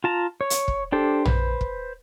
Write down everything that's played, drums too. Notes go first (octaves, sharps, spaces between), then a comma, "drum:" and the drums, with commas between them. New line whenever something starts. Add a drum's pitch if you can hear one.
F4 A5 A#5
C#5
drum: hi-hat
drum: kick
D4 G4 A4 C5
B4 C5, drum: tom A#1
drum: kick